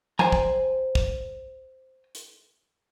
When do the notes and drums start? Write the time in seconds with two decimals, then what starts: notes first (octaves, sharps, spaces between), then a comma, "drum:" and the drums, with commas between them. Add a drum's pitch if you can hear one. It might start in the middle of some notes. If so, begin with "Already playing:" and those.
0.19 C5 G5 G#5 A#5, drum: tom F3
0.32 drum: kick
0.95 drum: kick
2.15 drum: hi-hat